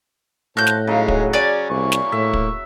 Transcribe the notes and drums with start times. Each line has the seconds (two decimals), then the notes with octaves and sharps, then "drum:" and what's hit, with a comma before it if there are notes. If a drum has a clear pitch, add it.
0.57 A2 F#4 C5 A5 F#6 G6
0.67 drum: snare
0.87 C#3 F#3 G#3 C#4 D#4
1.08 drum: kick
1.33 C#4 D5 G#5
1.70 C2 A#3 E4 C#6
1.92 drum: snare
2.12 A2 E5
2.33 drum: kick